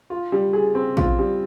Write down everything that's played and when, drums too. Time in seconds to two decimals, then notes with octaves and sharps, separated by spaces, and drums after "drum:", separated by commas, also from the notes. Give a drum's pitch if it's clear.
0.10 F4
0.32 G3
0.53 G#4
0.75 C4
0.97 F4, drum: kick
1.19 G3